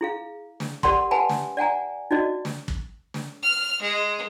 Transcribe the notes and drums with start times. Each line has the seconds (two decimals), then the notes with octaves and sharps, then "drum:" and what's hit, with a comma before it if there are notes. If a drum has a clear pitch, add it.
0.01 E4 G#4 F5
0.60 drum: snare
0.83 G4 A#4 D5 F#5 B5 C6, drum: kick
1.11 B4 F#5 G#5 A5 B5
1.29 drum: snare
1.57 D5 F#5 G#5 A#5
2.11 D#4 F#4 D5 D#5
2.45 drum: snare
2.68 drum: kick
3.14 drum: snare
3.42 F6
3.81 G#3